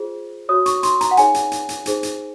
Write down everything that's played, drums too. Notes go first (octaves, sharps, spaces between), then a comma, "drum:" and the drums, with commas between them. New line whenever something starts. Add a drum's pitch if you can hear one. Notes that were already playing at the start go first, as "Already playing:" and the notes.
Already playing: F4 G#4 C5
F#4 C#5 D#6
C#6, drum: hi-hat
C6, drum: hi-hat
A#5, drum: hi-hat
F#5
D#4 G#4 C#5 G#5, drum: hi-hat
drum: hi-hat
drum: hi-hat
drum: hi-hat
D#4 G#4 C5, drum: hi-hat
drum: hi-hat